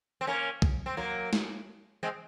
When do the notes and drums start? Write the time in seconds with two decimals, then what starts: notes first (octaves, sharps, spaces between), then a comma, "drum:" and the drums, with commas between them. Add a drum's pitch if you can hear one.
0.21 C4
0.27 A#3 C#4
0.62 drum: kick B1
0.86 C4
0.97 F#3 A#3
1.33 drum: snare
2.03 G#3 C4